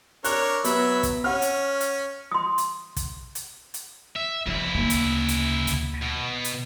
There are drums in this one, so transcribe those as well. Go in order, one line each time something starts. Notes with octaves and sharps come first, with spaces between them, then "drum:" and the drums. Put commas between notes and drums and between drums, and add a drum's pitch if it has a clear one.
D4 A#4 C#5 F#6, drum: hi-hat
F#3 B3 E5 B5, drum: hi-hat
drum: kick, hi-hat
C#4 F#5 F6
drum: hi-hat
drum: hi-hat
C6 D#6
drum: hi-hat
drum: kick, hi-hat
drum: hi-hat
drum: hi-hat
E5
C#3 F3 E4
D2 A#3
drum: hi-hat
drum: hi-hat
drum: kick, hi-hat
B2
drum: hi-hat